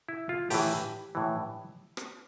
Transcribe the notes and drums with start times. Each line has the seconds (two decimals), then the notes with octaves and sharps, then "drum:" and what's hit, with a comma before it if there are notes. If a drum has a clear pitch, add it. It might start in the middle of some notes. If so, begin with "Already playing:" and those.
0.09 E4
0.29 F4
0.50 A2 E3 G4, drum: open hi-hat
1.15 A2 E3
1.97 drum: rim click